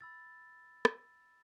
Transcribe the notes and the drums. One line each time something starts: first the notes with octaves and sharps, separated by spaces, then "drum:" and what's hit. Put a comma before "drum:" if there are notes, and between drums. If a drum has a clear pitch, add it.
B5 E6 A6
drum: rim click